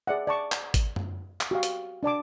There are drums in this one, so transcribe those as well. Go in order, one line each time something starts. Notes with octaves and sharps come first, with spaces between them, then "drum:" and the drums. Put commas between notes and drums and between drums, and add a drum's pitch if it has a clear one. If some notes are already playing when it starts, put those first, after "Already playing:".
G#4 D5 E5 F#5
D5 A5 C#6
drum: clap
drum: kick G#1, hi-hat
drum: tom F#2
drum: clap
F#4 G4 F5
drum: hi-hat
D4 D5 A5 D6